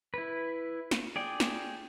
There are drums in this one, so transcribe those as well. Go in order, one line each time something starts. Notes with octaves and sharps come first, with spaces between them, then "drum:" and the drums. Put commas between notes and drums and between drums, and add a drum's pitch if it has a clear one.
E4 B4
drum: snare
G#4 D5 G5
drum: snare